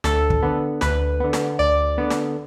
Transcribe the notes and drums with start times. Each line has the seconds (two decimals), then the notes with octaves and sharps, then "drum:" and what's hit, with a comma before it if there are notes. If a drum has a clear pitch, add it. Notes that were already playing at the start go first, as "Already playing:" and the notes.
0.04 D2 A4, drum: snare
0.30 drum: kick
0.42 D3 B3
0.81 D2 B4, drum: snare
1.20 D3 B3
1.33 drum: snare
1.59 D2 D5
1.98 D3 B3
2.10 drum: snare